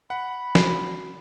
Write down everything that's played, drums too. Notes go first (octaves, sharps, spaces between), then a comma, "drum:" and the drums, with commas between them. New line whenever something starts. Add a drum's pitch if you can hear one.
F#5 B5
F#4 C7, drum: snare